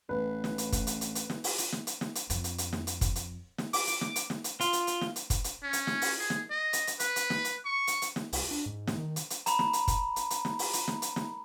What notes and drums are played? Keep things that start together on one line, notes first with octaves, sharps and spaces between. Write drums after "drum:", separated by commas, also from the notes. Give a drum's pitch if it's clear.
A1 B4
drum: snare
drum: hi-hat
drum: kick, hi-hat
drum: hi-hat
drum: hi-hat
drum: hi-hat
drum: snare
drum: open hi-hat
drum: hi-hat
drum: snare
drum: hi-hat
drum: snare
drum: hi-hat
F2, drum: hi-hat
drum: hi-hat
drum: hi-hat
drum: snare
drum: hi-hat
drum: kick, hi-hat
drum: hi-hat
drum: snare
D6, drum: open hi-hat
drum: hi-hat
drum: snare
drum: hi-hat
drum: snare
drum: hi-hat
F4, drum: hi-hat
drum: hi-hat
drum: hi-hat
drum: snare
drum: hi-hat
drum: kick, hi-hat
drum: hi-hat
C#4
drum: hi-hat
drum: snare
drum: open hi-hat
G#4
drum: snare
D#5
drum: hi-hat
drum: hi-hat
B4, drum: hi-hat
drum: hi-hat
drum: snare
drum: hi-hat
C#6
drum: hi-hat
drum: hi-hat
drum: snare
C2, drum: open hi-hat
D4
G#2
drum: snare
D#3
drum: hi-hat
drum: hi-hat
A#5 B5, drum: hi-hat
drum: snare
drum: hi-hat
drum: kick, hi-hat
drum: hi-hat
drum: hi-hat
drum: snare
drum: open hi-hat
drum: hi-hat
drum: snare
drum: hi-hat
drum: snare